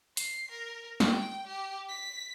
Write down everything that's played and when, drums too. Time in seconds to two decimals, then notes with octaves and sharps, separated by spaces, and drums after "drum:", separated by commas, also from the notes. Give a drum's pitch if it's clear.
0.17 C7, drum: hi-hat
0.51 A#4
1.00 G5, drum: snare
1.47 G4
1.89 B6